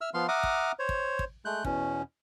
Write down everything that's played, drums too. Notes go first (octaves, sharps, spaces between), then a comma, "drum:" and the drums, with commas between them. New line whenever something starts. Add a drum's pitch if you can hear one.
E5 E6 F6
F3 B3 F5 C6
E5 F#5 A#5 D6 D#6 F6
drum: kick
C5 C#5
drum: kick
drum: kick
G#3 A3 F#6 G6
E2 B2 C#4, drum: kick